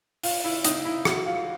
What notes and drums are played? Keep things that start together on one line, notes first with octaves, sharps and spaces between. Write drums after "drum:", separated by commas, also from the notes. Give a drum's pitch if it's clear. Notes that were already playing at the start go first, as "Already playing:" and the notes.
F4, drum: open hi-hat
E4
D#4, drum: hi-hat
E4
F#4, drum: rim click
F4